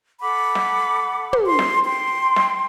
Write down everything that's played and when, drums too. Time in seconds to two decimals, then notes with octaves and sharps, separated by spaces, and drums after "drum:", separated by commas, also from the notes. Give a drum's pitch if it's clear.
0.22 A4 F#5 B5 D6
0.55 drum: snare
1.33 drum: tom
1.46 C6
1.59 drum: snare
1.85 G5 C6
2.36 drum: snare